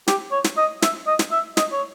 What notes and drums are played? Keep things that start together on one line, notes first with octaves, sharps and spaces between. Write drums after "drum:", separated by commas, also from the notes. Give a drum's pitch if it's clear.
G4, drum: snare
C#5
drum: snare
D#5
E5, drum: snare
D#5
drum: snare
E5
D#5, drum: snare
C#5